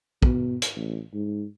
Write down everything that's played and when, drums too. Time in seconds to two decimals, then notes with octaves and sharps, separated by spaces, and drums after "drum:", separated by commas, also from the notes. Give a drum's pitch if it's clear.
0.23 B2, drum: kick
0.62 drum: hi-hat
0.76 A1
1.14 G#2